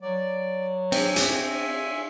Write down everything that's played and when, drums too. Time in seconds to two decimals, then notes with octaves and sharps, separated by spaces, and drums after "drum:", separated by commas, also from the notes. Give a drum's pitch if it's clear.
0.01 F#3 D5
0.92 C4 E5 G#5, drum: cymbal
1.16 drum: hi-hat